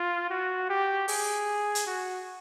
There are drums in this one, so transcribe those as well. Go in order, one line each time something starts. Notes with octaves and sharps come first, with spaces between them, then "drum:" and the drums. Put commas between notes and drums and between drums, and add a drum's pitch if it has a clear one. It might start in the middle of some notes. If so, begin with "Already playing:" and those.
Already playing: F4
F#4
G4
G#4, drum: open hi-hat
drum: hi-hat
F#4